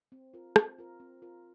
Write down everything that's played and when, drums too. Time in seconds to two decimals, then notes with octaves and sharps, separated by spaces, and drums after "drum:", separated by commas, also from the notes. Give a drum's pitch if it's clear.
0.12 C4
0.34 F4 A#4
0.56 C4, drum: rim click
0.78 F4 A#4
1.00 C4
1.22 F4 A#4